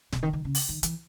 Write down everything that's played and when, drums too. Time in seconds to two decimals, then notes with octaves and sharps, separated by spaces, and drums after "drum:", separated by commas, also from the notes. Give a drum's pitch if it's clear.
0.13 B2, drum: snare D1
0.23 D#3
0.33 D#3
0.45 C#3
0.55 drum: open hi-hat
0.69 D#3
0.83 E3, drum: hi-hat